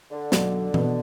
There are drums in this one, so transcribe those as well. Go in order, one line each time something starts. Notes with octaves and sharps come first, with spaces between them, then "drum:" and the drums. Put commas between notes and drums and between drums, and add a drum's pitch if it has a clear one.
D3
B1, drum: snare
B2 B3, drum: tom E3